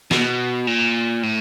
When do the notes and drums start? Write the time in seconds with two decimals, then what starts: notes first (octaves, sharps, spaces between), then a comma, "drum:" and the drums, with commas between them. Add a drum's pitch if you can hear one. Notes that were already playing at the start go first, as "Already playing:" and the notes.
0.11 B2, drum: snare
0.67 A#2
1.23 A2